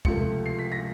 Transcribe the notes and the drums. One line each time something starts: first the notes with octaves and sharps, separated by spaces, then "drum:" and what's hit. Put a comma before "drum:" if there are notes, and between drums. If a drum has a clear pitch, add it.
C#2 C3 F3 A3 C#7, drum: kick
C7
B6
A#6